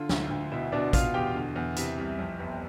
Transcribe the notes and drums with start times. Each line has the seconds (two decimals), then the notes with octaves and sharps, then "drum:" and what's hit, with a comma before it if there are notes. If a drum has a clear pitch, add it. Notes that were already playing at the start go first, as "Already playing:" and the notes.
Already playing: D3 F4
0.09 D2, drum: snare
0.30 D2
0.52 B2 E4 E5
0.72 B2 D4 D5
0.93 B2 F4 F5, drum: kick, hi-hat
1.14 E2 G4 G5
1.35 D3
1.56 E2
1.76 C3 E4 E5, drum: hi-hat
1.98 C2
2.19 F2
2.40 G1